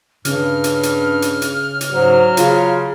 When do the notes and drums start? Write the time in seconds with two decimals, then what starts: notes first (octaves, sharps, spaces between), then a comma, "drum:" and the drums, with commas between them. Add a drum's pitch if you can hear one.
0.25 G2 C#3 F6, drum: hi-hat
0.64 drum: hi-hat
0.83 drum: hi-hat
1.22 drum: hi-hat
1.42 drum: hi-hat
1.81 drum: hi-hat
1.92 G#2 F#3
2.37 C#3 F4, drum: hi-hat